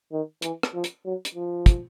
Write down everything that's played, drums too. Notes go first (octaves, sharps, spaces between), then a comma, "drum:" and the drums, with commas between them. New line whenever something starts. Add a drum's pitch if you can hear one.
D#3
E3, drum: hi-hat
drum: rim click
F3
drum: hi-hat
F#3
drum: hi-hat
F3
drum: kick, hi-hat